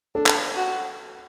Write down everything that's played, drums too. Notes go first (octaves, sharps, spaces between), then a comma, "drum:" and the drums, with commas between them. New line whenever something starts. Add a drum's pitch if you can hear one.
D4 A4
drum: clap
F#4